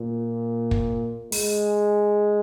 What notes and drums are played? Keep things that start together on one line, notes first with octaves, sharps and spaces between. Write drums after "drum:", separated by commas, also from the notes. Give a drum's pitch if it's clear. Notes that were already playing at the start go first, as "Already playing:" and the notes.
Already playing: A#2
drum: kick
G#3, drum: open hi-hat